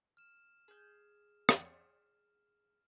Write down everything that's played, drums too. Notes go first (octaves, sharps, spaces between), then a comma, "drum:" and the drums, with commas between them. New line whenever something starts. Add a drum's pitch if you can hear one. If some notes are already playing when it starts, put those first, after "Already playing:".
F6 E7
G#4 G6
drum: rim click